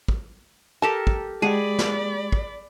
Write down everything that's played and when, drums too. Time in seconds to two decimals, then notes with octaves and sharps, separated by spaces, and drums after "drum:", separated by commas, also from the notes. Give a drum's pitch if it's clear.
0.08 drum: kick
0.82 G4 A4 A#4 A5
1.07 drum: kick
1.42 G#3 F4 G4 G#4 D5 F#5 A5 B5
1.79 drum: snare
2.32 drum: kick